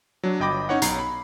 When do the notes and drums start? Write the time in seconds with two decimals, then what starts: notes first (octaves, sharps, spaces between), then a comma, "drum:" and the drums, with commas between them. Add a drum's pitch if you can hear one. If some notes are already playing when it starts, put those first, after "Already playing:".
0.23 F#3 D4
0.40 G1 D#5 G5 B5 D6 A#6
0.69 C#4 D#4 C#5 F#5
0.82 B1 A#5 C7, drum: hi-hat
0.99 B5